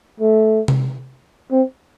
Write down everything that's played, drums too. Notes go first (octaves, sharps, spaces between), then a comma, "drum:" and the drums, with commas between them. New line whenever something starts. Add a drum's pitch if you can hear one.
A3
drum: tom C3
C4